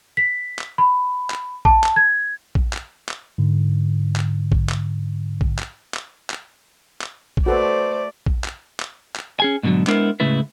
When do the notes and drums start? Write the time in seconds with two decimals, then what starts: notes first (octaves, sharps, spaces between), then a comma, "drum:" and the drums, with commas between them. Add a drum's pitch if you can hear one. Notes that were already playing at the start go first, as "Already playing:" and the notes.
0.17 B6
0.59 drum: clap
0.78 B5
1.30 drum: clap
1.65 A5, drum: kick A#1
1.84 drum: clap
1.96 G#6
2.55 drum: kick A#1
2.73 drum: clap
3.09 drum: clap
3.38 G#2 D3
4.16 drum: clap
4.52 drum: kick A#1
4.69 drum: clap
5.41 drum: kick A#1
5.59 drum: clap
5.94 drum: clap
6.30 drum: clap
7.02 drum: clap
7.37 drum: kick A#1
7.46 A3 F#4 A4 B4 C5 D5
8.26 drum: kick A#1
8.44 drum: clap
8.80 drum: clap
9.16 drum: clap
9.40 C#4 G#4 G#5
9.63 G#2 B2 D3 F3 F#3
9.87 G#3 B3 D4 E4 A#4 C5, drum: clap
10.20 C#2 A2 C#3 A3 E4 B4